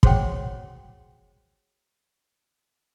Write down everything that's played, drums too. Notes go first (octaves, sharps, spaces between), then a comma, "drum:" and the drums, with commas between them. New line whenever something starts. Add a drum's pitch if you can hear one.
F#4 G#4 C5 C#5 F#5 G5, drum: kick